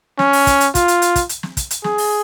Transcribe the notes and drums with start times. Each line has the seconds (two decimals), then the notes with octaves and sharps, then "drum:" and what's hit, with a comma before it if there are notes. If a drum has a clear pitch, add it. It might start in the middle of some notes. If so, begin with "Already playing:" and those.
0.19 C#4, drum: snare
0.33 drum: open hi-hat
0.47 drum: kick, hi-hat
0.61 drum: hi-hat
0.75 F4, drum: kick, hi-hat
0.88 drum: hi-hat
1.02 drum: hi-hat
1.16 drum: kick, hi-hat
1.29 drum: hi-hat
1.43 drum: snare
1.57 drum: kick, hi-hat
1.71 drum: hi-hat
1.84 G#4, drum: snare
1.98 drum: open hi-hat